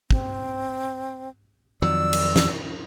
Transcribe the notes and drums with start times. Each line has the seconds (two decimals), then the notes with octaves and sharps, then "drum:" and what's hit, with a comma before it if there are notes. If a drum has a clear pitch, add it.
0.11 C4, drum: kick
1.82 F2 D#3 F#3 D5 E6
2.13 drum: cymbal
2.36 drum: snare